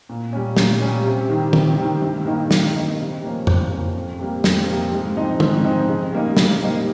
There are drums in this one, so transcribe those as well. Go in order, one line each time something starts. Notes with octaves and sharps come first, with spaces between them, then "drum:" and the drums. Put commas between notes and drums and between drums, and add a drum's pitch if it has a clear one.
A#2
G3 C#4
A#2, drum: snare
G3 C#4
C3
D#3 G3
C3, drum: tom
D#3 G3
G2
D#3 A#3 D#4
G2, drum: snare
D#3 A#3 D#4
C3
F3 A#3 C#4
C3, drum: tom F2
F3 A#3 C#4
F2
C3 G3 A#3
F2, drum: snare
C3 G3 A#3
G#2
F3 C4 D#4
G#2, drum: tom
F3 C4 D#4
C#3
G3 A#3 D#4
C#3, drum: snare
G3 A#3 D#4